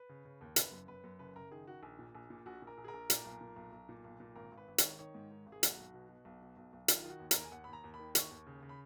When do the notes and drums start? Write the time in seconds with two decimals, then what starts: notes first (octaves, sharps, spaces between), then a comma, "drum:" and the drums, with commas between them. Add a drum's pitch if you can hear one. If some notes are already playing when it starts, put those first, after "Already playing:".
Already playing: B4
0.09 C#3
0.25 C#3
0.41 D#2
0.56 F#1 B4, drum: hi-hat
0.72 F#2
0.88 F#2 B4
1.04 F#2
1.19 F#1 B4
1.36 F#1 A#4
1.51 D#3 G#4
1.67 D#3 F#4
1.83 A#1
1.99 A#2
2.15 A#1
2.30 A#2
2.46 A#1 F#4
2.62 A#2
2.67 A#4
2.78 A#1
2.84 G#4
2.88 A#4
2.94 A#1
3.10 A#2, drum: hi-hat
3.25 B1
3.41 A#2
3.56 B1
3.72 B1
3.89 A#2
4.04 B1
4.20 A#2
4.36 G#1 A#4
4.52 G#1
4.57 B4
4.68 G#1
4.78 D#3 C#5, drum: hi-hat
4.99 D#3 C#5
5.14 G#2
5.31 D#3
5.46 G#1
5.52 G#4
5.63 B1 F#4, drum: hi-hat
5.78 B1
5.94 B2
6.09 B2
6.25 B1
6.41 B2
6.57 B1
6.73 B1
6.88 D#3 F4, drum: hi-hat
7.02 F4
7.04 D#3
7.10 F#4
7.20 D#2
7.31 A#4, drum: hi-hat
7.36 D#2
7.44 G#5
7.51 D#2 F#5
7.64 D#2 B5
7.73 A#5
7.84 D#2
7.94 B5
7.99 D#3
8.15 D#2 C#6, drum: hi-hat
8.31 D#2
8.47 C#3
8.63 C#3
8.69 B5